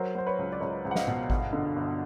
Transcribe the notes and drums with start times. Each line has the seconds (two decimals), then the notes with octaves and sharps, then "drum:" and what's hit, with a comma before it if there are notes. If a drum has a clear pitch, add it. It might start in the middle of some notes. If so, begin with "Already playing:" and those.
Already playing: F#3 A#4 C5
0.15 F#3 C5
0.26 B4 C#5
0.38 C#2
0.52 D5
0.61 C#2 C#5 D#5
0.85 C#2
0.91 F#5
0.95 D#5 F5, drum: snare
1.08 B2
1.30 G1, drum: kick G#1
1.53 D3
1.76 G1